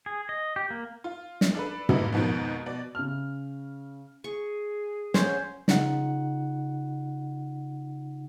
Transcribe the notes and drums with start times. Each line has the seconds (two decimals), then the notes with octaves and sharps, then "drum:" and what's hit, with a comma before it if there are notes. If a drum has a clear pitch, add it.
0.06 G#4
0.29 D#5
0.56 G4
0.71 A#3
1.04 F4
1.41 drum: snare
1.55 D4 A4 B4
1.89 G2 A#2 D#4 E4, drum: tom
2.13 F2 G#2 B2 D#3 F3
2.66 B2 D5
2.95 C#3 F6
4.24 G#4 C#6
5.14 F#3 C#4 F#4 C5 C#5, drum: snare
5.68 C#3 D#4 F4 F#5, drum: snare